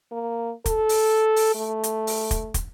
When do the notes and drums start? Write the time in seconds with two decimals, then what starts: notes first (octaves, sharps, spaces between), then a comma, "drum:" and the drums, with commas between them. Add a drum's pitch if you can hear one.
0.12 A#3
0.66 A4, drum: kick, hi-hat
0.89 drum: open hi-hat
1.36 drum: open hi-hat
1.55 A3
1.83 drum: hi-hat
2.07 drum: open hi-hat
2.31 drum: kick, hi-hat
2.54 drum: kick, hi-hat